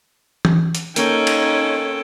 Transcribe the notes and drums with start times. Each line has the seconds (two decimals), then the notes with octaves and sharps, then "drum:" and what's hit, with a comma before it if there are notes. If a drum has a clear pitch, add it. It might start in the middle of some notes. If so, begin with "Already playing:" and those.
0.45 drum: tom E3
0.75 drum: hi-hat
0.96 A#3 C#4 D#4 A4 A#4 G5, drum: hi-hat
1.27 drum: cymbal